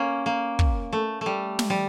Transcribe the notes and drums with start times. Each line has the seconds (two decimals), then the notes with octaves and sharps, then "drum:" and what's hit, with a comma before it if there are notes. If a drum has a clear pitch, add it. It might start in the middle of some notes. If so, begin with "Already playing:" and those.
Already playing: A#3 C#4
0.26 A#3
0.59 drum: kick
0.93 A3
1.21 G3 A3
1.59 drum: snare
1.70 G3